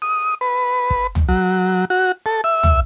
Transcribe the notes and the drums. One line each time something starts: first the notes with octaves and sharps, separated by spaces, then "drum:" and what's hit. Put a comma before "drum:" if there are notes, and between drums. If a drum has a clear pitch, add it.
D#6
B4
drum: kick
drum: tom
F#3
F#4
A4
E5
drum: tom